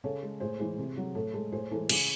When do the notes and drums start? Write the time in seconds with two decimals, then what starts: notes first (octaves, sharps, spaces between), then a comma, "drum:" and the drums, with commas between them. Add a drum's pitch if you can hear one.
0.04 C#3 A4 C#5
0.23 G#3
0.40 A2 G#4 C5
0.59 E3 G#3
0.78 C3
0.97 F#3
1.15 A2 A4
1.34 G#3 A4
1.52 A2 G#4 C5
1.71 E3 G#3 A4
1.89 C#3 G#4, drum: cymbal